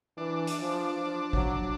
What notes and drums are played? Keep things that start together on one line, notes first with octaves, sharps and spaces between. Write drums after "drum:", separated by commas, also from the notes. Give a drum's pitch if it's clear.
E3 D4
drum: hi-hat
F3
F3
F#3, drum: kick G#1